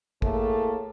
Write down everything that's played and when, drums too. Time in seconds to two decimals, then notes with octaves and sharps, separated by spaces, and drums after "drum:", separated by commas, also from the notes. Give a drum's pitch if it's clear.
0.22 A2 A3 A#3 G#4 A4, drum: kick